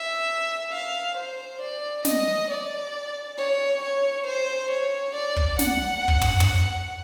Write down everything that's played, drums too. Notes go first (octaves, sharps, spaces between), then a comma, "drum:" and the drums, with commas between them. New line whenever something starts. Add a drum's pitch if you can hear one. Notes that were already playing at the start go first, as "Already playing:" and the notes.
Already playing: E5
F5
C5
D5
D#5, drum: snare
D5
C#5
C#5
C5
C#5
D5
drum: kick
F#5, drum: snare
drum: kick
drum: tom
drum: tom